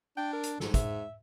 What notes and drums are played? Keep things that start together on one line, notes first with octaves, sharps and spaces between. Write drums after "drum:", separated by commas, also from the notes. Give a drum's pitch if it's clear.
D4 G5
A#4
drum: hi-hat
G#2 A4, drum: snare
E5, drum: kick, hi-hat